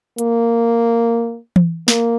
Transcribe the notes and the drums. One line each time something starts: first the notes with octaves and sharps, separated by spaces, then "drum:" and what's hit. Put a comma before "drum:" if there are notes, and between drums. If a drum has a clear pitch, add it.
A#3, drum: hi-hat
drum: tom E3
A#3, drum: snare